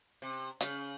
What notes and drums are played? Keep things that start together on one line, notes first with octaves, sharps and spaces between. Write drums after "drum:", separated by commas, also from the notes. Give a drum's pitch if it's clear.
C3
C#3, drum: hi-hat